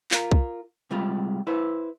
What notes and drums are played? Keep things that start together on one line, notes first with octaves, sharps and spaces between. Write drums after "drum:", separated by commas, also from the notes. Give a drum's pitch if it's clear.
F4 A#4, drum: clap
drum: kick
C3 G3 G#3 F4
E4 B4 C5